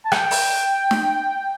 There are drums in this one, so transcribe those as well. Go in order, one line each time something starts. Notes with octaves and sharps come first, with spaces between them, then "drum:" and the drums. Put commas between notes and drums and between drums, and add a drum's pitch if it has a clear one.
A5
G5, drum: rim click
drum: open hi-hat
drum: snare